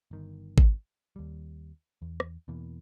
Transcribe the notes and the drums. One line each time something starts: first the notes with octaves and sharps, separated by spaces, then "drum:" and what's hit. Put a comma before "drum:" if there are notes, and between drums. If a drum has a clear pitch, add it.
G1 D#3
drum: kick G#1
D#2 G3
E2
drum: rim click
E2 B2 E3 A#3